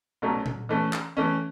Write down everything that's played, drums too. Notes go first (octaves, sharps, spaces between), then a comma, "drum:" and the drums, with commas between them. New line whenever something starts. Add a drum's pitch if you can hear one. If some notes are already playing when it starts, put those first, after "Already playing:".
C2 B2 F#3 A3 C#4
drum: tom A#2
E3 A3 C#4
drum: clap
E3 A3 C#4